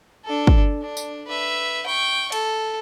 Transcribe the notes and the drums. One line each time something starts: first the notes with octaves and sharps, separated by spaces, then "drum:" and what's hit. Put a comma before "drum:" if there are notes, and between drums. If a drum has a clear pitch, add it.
D4 A4
drum: kick
D4
drum: tambourine
B4 E5
G5 C#6
A4, drum: cymbal